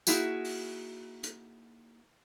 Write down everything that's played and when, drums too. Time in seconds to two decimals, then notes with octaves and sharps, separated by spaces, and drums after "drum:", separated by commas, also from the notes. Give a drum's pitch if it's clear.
0.07 A#3 D#4 E4 F#4 G#4, drum: tambourine
0.44 drum: open hi-hat
1.23 drum: hi-hat